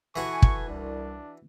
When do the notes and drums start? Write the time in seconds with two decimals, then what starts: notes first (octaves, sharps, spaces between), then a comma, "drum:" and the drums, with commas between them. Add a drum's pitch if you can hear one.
0.16 E3 F#4 A4 B4 G#5 C#6
0.42 drum: kick
0.68 C2 D4